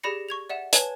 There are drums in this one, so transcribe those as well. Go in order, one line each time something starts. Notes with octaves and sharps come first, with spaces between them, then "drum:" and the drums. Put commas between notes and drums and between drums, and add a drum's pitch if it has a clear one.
G4 G#4 D5 B5 A#6 C#7
C#6 G#6 F7
D5 E5 F#5 E7
B4 C#5 G#5 A5 G#6, drum: hi-hat